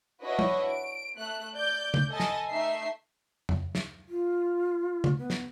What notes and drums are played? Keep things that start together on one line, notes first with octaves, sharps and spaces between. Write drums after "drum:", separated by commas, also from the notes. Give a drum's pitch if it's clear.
D4 E4 F#4 B4 C#5 D#5
drum: tom
D7
A3 F#6
D5 G6
drum: tom C#3
A4 D#5 G#5 A5 B5 A6
drum: snare
A3 D#4 E5 C7
drum: tom F2
drum: snare
F4
drum: tom C#3
B3
drum: snare